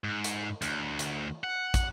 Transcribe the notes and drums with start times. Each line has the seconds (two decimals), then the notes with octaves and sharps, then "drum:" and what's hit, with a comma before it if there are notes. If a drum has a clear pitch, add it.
0.04 G#2
0.24 drum: hi-hat
0.62 D2, drum: hi-hat
0.99 drum: hi-hat
1.44 F#5
1.74 drum: kick, hi-hat